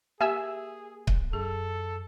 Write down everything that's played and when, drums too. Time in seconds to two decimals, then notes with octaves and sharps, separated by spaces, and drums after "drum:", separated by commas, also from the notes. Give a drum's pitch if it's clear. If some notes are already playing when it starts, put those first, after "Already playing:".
0.21 A#3 G4 G#4 E5 G#5 E6
1.07 drum: kick C#1
1.33 F#2 G#4 A4